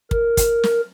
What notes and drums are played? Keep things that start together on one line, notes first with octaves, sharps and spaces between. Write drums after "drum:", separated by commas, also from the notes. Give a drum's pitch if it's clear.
A#4, drum: kick
drum: kick, hi-hat
drum: snare